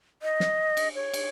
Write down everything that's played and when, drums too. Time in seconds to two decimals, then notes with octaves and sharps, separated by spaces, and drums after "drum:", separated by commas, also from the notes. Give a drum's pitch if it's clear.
0.22 D#5
0.40 drum: snare
0.77 drum: cymbal
0.95 C#5
1.14 drum: cymbal